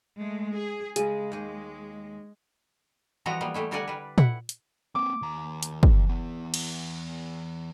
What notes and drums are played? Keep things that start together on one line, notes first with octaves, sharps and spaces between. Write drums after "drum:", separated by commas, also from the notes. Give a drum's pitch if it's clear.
G#3 A3
G#4
C#3 G#3 G#4, drum: hi-hat
D#2 G#4
E3 F3 G3 B3 F#4 A#5
G3 A#3 B3
E3 G3 A3 E4
D3 G3 A#4 D5 F#5 G#5
G3 B4
E4 F#5, drum: tom A#2
drum: hi-hat
A#3 C4 D6
D#2 A#5
drum: hi-hat
drum: kick
E3 B3
drum: cymbal